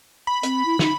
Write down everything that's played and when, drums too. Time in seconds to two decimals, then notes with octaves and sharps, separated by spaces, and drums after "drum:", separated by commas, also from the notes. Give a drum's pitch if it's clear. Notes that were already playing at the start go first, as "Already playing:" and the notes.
0.27 B5
0.43 C4, drum: hi-hat
0.66 E4
0.79 D#4, drum: snare